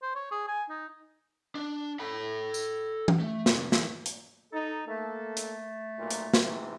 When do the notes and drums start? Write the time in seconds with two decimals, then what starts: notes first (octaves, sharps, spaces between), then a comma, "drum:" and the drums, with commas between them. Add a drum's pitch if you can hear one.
0.02 C5
0.16 C#5
0.32 G#4
0.48 G#5
0.70 D#4
1.55 D4
2.00 A4 B5
2.54 drum: tambourine
3.08 drum: tom E3
3.20 A3
3.46 F2 C3, drum: snare
3.72 E2, drum: snare
4.06 drum: hi-hat
4.52 D#4 A4
4.87 A3 A#3 A4
5.37 drum: hi-hat
5.98 B1 A#2
6.11 drum: hi-hat
6.34 drum: snare
6.44 G#2 C3 E3